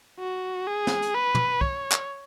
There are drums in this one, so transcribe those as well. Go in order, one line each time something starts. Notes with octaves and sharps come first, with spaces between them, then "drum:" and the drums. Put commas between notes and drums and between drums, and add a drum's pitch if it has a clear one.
F#4
G#4
drum: snare
drum: hi-hat
B4
drum: tom
C#5, drum: kick
drum: clap